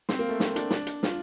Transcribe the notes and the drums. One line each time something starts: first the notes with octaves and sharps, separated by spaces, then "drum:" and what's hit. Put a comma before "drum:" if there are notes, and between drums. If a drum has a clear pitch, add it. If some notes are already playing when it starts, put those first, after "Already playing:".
C4, drum: snare
A#3
A3
C4, drum: snare
D4, drum: hi-hat
D4, drum: snare
drum: hi-hat
F4, drum: snare